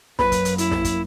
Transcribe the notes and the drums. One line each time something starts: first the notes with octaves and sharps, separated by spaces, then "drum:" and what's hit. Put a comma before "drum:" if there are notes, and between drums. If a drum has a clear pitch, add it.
F#2 F#3 A#3 B4 B5, drum: snare
drum: kick, hi-hat
drum: hi-hat
E4, drum: hi-hat
drum: snare
drum: kick, hi-hat